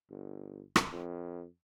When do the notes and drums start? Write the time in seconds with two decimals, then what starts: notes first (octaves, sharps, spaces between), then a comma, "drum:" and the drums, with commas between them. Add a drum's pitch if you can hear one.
0.10 G1
0.76 drum: rim click
0.93 F2